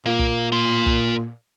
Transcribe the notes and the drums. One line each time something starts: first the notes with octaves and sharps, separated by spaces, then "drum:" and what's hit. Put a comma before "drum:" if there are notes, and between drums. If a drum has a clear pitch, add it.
A#2 A#3
drum: kick
A#4 C6
drum: kick